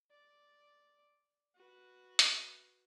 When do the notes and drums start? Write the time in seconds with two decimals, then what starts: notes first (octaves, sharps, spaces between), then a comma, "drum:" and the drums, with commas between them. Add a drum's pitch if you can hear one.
0.11 D5
1.56 F#4 B4
2.19 drum: hi-hat